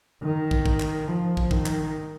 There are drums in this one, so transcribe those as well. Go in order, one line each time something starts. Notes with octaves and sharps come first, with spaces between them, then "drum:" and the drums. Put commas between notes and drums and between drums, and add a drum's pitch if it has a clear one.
D#3
drum: kick
drum: kick
drum: clap
F3
drum: kick
D#3, drum: kick
drum: clap